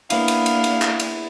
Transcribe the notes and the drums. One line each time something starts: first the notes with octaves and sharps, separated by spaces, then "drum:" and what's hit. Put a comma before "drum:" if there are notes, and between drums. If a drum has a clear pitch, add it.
A#3 B3 D4 E4 F5, drum: cymbal
drum: cymbal
drum: cymbal
drum: cymbal
drum: clap
drum: cymbal